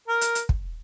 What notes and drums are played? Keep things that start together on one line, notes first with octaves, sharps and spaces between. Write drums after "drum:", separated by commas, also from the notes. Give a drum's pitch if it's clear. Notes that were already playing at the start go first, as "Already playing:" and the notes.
A#4
drum: hi-hat
drum: hi-hat
drum: kick